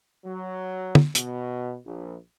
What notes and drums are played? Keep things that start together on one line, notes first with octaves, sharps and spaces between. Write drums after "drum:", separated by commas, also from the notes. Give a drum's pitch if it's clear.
F#3
drum: tom
B2, drum: hi-hat
A#1